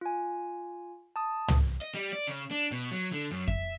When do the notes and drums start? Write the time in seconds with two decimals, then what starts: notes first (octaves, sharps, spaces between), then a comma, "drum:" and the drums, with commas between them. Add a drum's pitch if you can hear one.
0.01 F4 G#5
1.16 A5 D#6
1.48 drum: tom
1.82 D#5
1.95 G3
2.13 D5
2.27 C#3
2.51 D4
2.72 B2
2.91 F#3
3.12 D3
3.31 F#2
3.48 E5, drum: kick F2